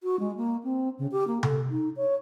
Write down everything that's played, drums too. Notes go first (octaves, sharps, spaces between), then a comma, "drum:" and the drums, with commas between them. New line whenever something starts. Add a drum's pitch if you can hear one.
F#4
G#3
A#3
C4
C#3
G4
A#3
A4, drum: tom C3
D#4
C#5